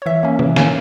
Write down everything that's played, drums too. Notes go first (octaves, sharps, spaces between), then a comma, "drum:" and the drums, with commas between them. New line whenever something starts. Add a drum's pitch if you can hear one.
C#5
E3 E5
A#3 C#4
E3, drum: tom C3
A#3 C#4, drum: snare